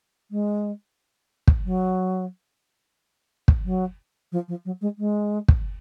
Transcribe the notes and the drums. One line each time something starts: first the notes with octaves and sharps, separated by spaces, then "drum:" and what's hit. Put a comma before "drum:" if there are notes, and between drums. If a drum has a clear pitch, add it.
G#3
drum: kick
F#3
drum: kick
F#3
F3
F3
F#3
G#3
G#3
drum: kick